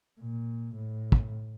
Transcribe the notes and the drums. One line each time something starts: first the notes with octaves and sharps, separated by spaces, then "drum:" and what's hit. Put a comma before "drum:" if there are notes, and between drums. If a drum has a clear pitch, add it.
A#2
A2
drum: kick